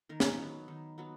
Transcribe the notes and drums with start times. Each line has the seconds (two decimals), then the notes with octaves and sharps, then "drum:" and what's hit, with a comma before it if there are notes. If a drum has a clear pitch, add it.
0.09 D#3 A#4
0.20 drum: snare
0.38 F#3 B3
0.68 D#3
0.98 F#3 B3